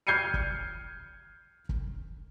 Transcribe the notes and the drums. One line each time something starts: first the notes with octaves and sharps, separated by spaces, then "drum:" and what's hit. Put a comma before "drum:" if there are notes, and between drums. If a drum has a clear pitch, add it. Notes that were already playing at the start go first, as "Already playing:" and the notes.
F6 G6 G#6 C7 C#7 D#7
drum: kick
drum: kick